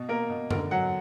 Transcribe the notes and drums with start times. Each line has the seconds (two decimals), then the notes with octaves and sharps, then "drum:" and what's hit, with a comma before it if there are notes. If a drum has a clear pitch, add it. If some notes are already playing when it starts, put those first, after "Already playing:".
Already playing: B2
0.09 A#3 A#4
0.29 B2
0.51 D3 A#4, drum: tom F#2
0.71 F#3 F#5